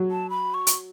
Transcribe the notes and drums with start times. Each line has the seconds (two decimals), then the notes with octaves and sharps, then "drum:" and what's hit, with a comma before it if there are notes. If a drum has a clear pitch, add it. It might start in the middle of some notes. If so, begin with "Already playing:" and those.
Already playing: F#3
0.11 A5
0.30 B5
0.54 C#6
0.67 drum: hi-hat